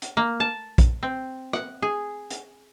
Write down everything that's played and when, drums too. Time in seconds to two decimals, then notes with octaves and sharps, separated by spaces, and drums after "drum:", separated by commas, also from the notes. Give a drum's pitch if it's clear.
0.02 drum: hi-hat
0.17 A#3
0.40 A5
0.78 drum: kick A#1, hi-hat
1.03 C4
1.53 F#5, drum: rim click
1.82 G#4
2.30 drum: hi-hat